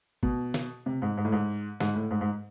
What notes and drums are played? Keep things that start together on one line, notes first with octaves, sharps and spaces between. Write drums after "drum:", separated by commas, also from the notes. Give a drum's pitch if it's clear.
B2, drum: kick
drum: snare
C3
G#2
G#2
A2
G#2
G#2, drum: snare
A2
G#2
G#2